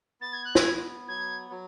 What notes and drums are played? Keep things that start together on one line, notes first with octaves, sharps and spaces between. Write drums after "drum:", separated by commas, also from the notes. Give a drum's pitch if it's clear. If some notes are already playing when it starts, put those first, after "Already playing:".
B3 A6
G#6
F#6
G#6, drum: snare
B3
F#3 G#6
F#3